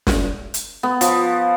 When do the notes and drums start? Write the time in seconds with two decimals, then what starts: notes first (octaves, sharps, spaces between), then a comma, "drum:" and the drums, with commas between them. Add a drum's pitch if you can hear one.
0.07 drum: snare
0.54 drum: hi-hat
0.83 B3
1.01 F3, drum: hi-hat